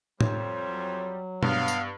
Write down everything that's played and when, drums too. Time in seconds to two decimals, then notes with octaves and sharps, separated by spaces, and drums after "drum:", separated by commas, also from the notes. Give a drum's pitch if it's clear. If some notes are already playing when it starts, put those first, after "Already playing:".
0.21 F2 G3 C5 C#5, drum: tom
0.67 F#3
1.43 G2 B3 F5, drum: tom B2
1.68 drum: tambourine